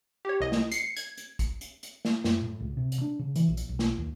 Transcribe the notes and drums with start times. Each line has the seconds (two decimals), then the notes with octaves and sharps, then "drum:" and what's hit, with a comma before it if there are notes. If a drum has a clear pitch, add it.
0.25 G4 C#5
0.41 C2 D#5
0.52 drum: snare
0.72 C7 C#7, drum: hi-hat
0.97 G#6, drum: hi-hat
1.17 drum: hi-hat
1.39 drum: kick, hi-hat
1.61 drum: hi-hat
1.83 drum: hi-hat
2.05 drum: snare
2.24 F#2, drum: snare
2.42 A2
2.60 C#2
2.77 C3
2.92 drum: hi-hat
3.01 D4
3.19 C#3
3.36 E3, drum: hi-hat
3.48 A#1
3.57 drum: hi-hat
3.69 B1
3.79 drum: snare
3.98 D#2